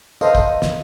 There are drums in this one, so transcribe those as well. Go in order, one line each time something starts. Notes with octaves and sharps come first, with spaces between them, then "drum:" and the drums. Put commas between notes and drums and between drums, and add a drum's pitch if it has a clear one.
A4 B4 C5 D#5 F5, drum: tambourine
drum: kick, tambourine
drum: snare